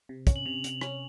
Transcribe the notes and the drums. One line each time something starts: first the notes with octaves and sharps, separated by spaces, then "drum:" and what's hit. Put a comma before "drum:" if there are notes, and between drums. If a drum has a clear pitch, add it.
C3
C#4, drum: kick, hi-hat
F#7
C3 F7
C3, drum: hi-hat
C#4, drum: rim click